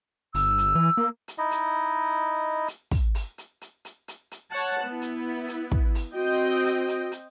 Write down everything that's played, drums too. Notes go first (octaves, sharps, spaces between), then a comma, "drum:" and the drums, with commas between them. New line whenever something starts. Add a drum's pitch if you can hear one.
G1 E6, drum: open hi-hat
drum: hi-hat
E3
A#3
drum: hi-hat
D#4 E4 D#5
drum: hi-hat
drum: hi-hat
drum: kick, open hi-hat
drum: open hi-hat
drum: hi-hat
drum: hi-hat
drum: hi-hat
drum: hi-hat
drum: hi-hat
C#5 F#5 A5
B3 E4
drum: hi-hat
drum: hi-hat
drum: kick
drum: open hi-hat
C4 F#4 D#5 G5
drum: hi-hat
drum: hi-hat
drum: hi-hat